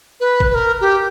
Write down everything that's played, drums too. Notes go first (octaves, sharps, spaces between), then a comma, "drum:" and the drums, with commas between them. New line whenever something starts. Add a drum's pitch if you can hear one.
B4
drum: kick
B4
A#4
G4